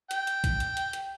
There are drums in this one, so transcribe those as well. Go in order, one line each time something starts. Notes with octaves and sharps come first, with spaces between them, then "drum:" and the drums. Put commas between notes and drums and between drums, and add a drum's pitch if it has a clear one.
G5, drum: hi-hat
drum: hi-hat
drum: kick A#1, hi-hat
drum: hi-hat
drum: hi-hat
drum: hi-hat